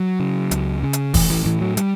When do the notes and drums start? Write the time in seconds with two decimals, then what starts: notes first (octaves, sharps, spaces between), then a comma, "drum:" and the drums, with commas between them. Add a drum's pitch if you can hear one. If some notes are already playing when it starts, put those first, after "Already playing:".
Already playing: F#3
0.20 C#3
0.51 C#2, drum: hi-hat
0.83 C#3
0.93 drum: hi-hat
1.14 A1 E3, drum: kick, open hi-hat
1.30 E3
1.46 A2 E3
1.61 F#3
1.77 G3, drum: hi-hat